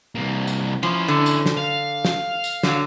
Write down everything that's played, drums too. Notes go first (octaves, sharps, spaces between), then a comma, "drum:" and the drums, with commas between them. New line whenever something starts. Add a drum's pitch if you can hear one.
C2 A#3
drum: tambourine
F3 C#4 E4
D3
drum: tambourine
drum: snare
F5
drum: snare
drum: tambourine
D3 F#3, drum: snare